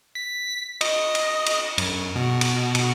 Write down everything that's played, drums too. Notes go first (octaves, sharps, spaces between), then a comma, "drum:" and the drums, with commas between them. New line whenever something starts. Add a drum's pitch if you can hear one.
B6
D#5, drum: cymbal
drum: cymbal
drum: cymbal
F#2, drum: cymbal
B2
drum: cymbal
B2, drum: cymbal